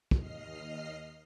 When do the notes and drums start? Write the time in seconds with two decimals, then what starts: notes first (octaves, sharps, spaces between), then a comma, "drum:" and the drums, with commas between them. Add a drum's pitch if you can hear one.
0.11 D#2 D#5 F6 C7, drum: kick